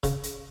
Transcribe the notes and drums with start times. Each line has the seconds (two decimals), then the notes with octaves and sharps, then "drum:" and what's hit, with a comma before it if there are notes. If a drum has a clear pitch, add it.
0.03 C#3, drum: kick F1, hi-hat
0.23 drum: hi-hat